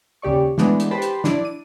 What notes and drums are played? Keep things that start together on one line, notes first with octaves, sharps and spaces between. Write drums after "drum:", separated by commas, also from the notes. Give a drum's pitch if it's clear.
D#2 C#3 G4 D5 C#6
E3 G#3 A3 B3 D4, drum: snare
drum: hi-hat
G4 B4 C5 G5 A5 B5
drum: hi-hat
D4 E4 D5, drum: snare
D#7